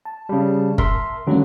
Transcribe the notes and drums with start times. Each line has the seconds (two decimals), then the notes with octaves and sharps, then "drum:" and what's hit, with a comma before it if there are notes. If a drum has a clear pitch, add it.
0.05 A5
0.29 C#3 G3
0.78 A#4 E5 C6, drum: kick
1.27 G2 D3 D#3 F#3 A3 C#4